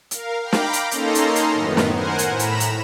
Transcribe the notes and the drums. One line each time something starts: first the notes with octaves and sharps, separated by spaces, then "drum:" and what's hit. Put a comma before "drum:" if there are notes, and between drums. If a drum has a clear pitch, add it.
A#4 F5, drum: hi-hat
F5 G5 A#5 B5 D6
drum: snare
drum: hi-hat
A#3 C#4 D#4 A4 A#5 C6, drum: hi-hat
drum: hi-hat
drum: hi-hat
F#2 A2 D#3 B3
drum: snare
A#4 C5 F#5 G#5
drum: hi-hat
A2 A#5 B5 E7
drum: hi-hat
drum: hi-hat